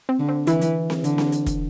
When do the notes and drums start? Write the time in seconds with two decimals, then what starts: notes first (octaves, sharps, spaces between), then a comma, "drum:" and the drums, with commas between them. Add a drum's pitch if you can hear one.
0.09 C4
0.19 D3
0.29 C4
0.47 E3 E4, drum: hi-hat
0.61 drum: hi-hat
0.90 drum: snare C4
1.04 D3, drum: hi-hat
1.18 drum: snare C4
1.32 drum: hi-hat
1.46 drum: kick, hi-hat